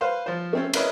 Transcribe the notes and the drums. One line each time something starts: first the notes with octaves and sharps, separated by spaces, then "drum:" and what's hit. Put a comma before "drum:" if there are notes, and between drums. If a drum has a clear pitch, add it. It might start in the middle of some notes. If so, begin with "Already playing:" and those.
B4 C5 F5 C6
F3 C5
A3 C4 C#4
E4 A#4 B4 C#5 D#5 E5, drum: cymbal